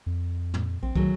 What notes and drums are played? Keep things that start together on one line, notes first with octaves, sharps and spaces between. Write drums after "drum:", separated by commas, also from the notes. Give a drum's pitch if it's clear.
F2
drum: tom
A#1 C4
D#3 F#3 G#3 A3, drum: kick